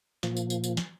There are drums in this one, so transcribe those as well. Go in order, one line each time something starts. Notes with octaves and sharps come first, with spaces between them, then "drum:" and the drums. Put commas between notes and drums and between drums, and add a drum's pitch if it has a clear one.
A#2 F3, drum: snare
drum: tambourine
drum: tambourine
drum: tambourine
drum: snare